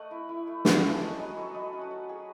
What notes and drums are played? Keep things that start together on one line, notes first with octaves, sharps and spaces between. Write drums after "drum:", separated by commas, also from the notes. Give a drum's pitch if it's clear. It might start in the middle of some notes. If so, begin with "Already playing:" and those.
Already playing: A3 C#5 D#5 F#5
E4
E4
A3
A3, drum: snare
E4 A5
G#5
C#4 D#5 F#5
F#3 B4 D#5
F#3 A4 C#5
F#3 B4 D#5
C#4
F#4
F#3
F#3 G#4